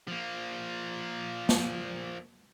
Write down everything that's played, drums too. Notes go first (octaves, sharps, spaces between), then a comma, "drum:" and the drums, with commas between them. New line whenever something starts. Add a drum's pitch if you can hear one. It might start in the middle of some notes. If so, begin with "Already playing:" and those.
F3 A#3
drum: snare